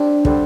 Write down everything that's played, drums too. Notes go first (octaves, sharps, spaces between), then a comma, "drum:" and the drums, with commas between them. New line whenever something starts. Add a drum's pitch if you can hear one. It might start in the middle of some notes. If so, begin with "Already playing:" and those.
Already playing: G3 C4 D4
D3 G3 C4, drum: kick